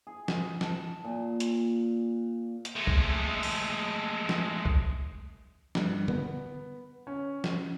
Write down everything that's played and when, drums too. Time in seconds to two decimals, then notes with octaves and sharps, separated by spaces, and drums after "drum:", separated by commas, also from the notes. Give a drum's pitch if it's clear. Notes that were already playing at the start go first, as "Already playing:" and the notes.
0.07 G#4
0.28 drum: snare
0.61 A5, drum: snare
1.05 A#2
1.40 drum: hi-hat
2.65 drum: hi-hat
2.75 G#3 A3
2.87 drum: kick C2
3.43 drum: open hi-hat
4.29 drum: snare
4.65 drum: kick C2
5.75 G2, drum: snare
6.08 B3, drum: tom D3
7.07 C#4
7.44 drum: snare